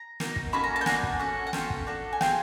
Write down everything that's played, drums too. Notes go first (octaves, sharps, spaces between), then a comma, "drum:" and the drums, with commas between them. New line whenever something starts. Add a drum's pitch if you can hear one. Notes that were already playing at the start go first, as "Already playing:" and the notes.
Already playing: A#5
A#3 D#4 F#4, drum: snare
drum: kick
A#3 C#4 F#4 A4 B5
A#5
A5
G5
A#3 D4 F#4 G#5, drum: snare
drum: kick
C#4 F#4 A4
F#5
C#4 F4 A4 G5, drum: snare
drum: kick
D4 F#4 A4
G#5
C4 F4 G#4 G5, drum: snare